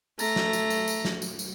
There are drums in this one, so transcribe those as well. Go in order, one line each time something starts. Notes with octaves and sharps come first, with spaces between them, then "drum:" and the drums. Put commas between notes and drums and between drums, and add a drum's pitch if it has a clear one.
A3 A#5, drum: tambourine
drum: snare
drum: tambourine
drum: tambourine
drum: tambourine
drum: snare
drum: tambourine
drum: tambourine